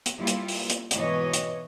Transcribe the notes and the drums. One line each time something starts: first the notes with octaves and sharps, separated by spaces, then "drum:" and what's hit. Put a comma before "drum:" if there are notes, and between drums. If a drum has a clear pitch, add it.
drum: hi-hat
G3 A#3 E4 F4
drum: hi-hat
drum: open hi-hat
drum: hi-hat
G#2 B2 E3 B4 C#5 D#5, drum: hi-hat
drum: hi-hat